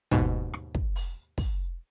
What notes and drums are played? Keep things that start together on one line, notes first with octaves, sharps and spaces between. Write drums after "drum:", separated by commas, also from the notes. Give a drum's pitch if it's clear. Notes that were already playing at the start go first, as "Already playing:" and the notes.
D#2 G#2 B2, drum: kick, hi-hat
drum: rim click
drum: kick
drum: open hi-hat
drum: kick, open hi-hat